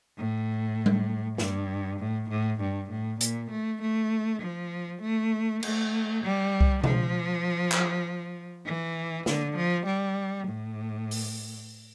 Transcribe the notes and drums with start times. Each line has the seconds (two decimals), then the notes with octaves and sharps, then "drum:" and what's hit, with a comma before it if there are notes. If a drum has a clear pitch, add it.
0.18 A2
0.86 drum: tom G3
1.38 G2, drum: snare
1.99 A2
2.29 A2
2.61 G2
2.90 A2
3.21 A#2, drum: hi-hat
3.51 A3
3.82 A3
4.42 F3
5.02 A3
5.63 A3, drum: cymbal
6.24 G3
6.61 drum: kick C2
6.84 F3, drum: tom B2
7.72 drum: clap
8.66 E3
9.26 D3, drum: snare
9.56 F3
9.86 G3
10.47 A2
11.11 drum: open hi-hat